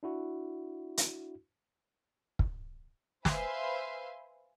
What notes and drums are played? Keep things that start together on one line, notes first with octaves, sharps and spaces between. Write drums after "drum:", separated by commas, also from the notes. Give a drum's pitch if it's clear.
D4 E4 F#4
drum: hi-hat
drum: kick
B4 C5 E5 F5 G#5 C6, drum: snare